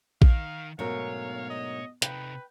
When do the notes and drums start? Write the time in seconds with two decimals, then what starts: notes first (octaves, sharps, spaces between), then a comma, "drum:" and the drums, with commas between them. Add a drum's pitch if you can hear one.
0.22 D#3 F5, drum: kick A#1
0.79 G#2 B2 F#3 A3 D4 A#4 C#5 F5
1.50 D#5
2.02 C3 D#4 B4 G5, drum: hi-hat